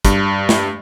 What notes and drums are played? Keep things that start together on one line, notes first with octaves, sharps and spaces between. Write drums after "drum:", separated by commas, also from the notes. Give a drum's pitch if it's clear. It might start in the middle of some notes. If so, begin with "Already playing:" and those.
G2, drum: kick, hi-hat
drum: snare